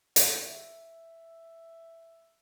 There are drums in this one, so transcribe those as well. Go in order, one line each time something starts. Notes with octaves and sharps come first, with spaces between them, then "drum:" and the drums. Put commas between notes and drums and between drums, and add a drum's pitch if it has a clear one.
F#5, drum: hi-hat
E5